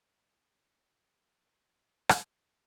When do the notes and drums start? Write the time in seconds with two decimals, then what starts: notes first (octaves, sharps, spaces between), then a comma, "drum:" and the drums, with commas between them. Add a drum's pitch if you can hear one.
0.42 B6
0.69 A6
0.78 A#6
2.09 drum: rim click
2.33 C7
2.45 C7